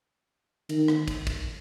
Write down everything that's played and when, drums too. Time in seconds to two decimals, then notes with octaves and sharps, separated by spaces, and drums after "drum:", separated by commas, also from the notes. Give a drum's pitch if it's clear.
0.69 D#3, drum: cymbal
0.88 drum: rim click
1.08 drum: kick, cymbal
1.27 drum: kick, cymbal